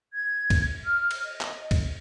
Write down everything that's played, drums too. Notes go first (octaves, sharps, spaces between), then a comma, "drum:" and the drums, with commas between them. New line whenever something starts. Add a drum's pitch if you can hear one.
G#6
drum: kick, cymbal
F6
drum: cymbal
D#5
drum: clap
drum: kick, cymbal